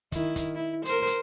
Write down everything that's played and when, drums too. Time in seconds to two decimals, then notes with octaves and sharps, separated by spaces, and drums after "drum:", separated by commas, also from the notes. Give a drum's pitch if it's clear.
0.12 D#3 E4, drum: kick, hi-hat
0.36 drum: kick, hi-hat
0.55 E4
0.85 A#4 C5, drum: hi-hat
1.07 drum: hi-hat